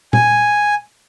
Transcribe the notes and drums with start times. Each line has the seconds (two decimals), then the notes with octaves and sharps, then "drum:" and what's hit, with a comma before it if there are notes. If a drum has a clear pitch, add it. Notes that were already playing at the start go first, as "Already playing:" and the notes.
0.13 G#5, drum: tom A#2